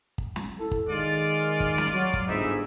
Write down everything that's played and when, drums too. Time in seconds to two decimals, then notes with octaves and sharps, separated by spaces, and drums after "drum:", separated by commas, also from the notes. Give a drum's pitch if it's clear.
0.18 drum: kick
0.36 drum: snare
0.60 E4 A4
0.71 drum: kick
0.89 D#3 G#3 F4 D5
1.60 drum: kick
1.78 drum: snare
1.93 F#3
2.14 drum: kick
2.27 G1 G#2 D#4 E4 E5